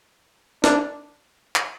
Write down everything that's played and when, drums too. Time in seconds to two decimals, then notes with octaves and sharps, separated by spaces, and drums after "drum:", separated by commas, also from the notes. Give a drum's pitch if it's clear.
0.64 D4, drum: snare
1.56 drum: clap